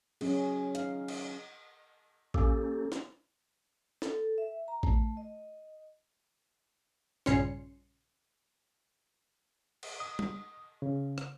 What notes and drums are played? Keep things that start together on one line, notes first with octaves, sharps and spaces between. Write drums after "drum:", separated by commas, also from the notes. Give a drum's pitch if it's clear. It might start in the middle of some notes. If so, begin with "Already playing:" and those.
F#3 C#4 G#4, drum: cymbal
D#4 F5, drum: hi-hat
drum: cymbal
A#3 C#4 G4 A4, drum: kick A1
drum: snare
A4, drum: snare
E5
A#5
A3, drum: kick A1
D#5
A#1 G2 C#3 C#4 C6 C#7, drum: snare
drum: cymbal
D#6
drum: tom
C#3
drum: rim click